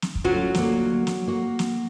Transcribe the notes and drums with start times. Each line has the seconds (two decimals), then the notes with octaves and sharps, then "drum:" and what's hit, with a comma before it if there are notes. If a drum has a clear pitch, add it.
0.02 drum: snare
0.15 drum: kick
0.25 D2 F#3 C#4 F4
0.55 D2 A#3, drum: snare
1.07 drum: snare
1.27 A#3 F#4
1.59 drum: snare